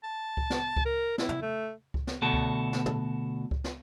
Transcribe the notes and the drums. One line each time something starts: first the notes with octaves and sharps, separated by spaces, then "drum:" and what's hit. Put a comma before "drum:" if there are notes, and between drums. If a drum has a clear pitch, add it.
A5
drum: kick C#2
drum: snare
drum: kick C#2
A#4
E4, drum: snare
drum: tom
A3
drum: kick C#2
drum: snare
D2 B2 F#4 A4
drum: kick C#2
drum: snare
drum: tom
drum: kick C#2
drum: snare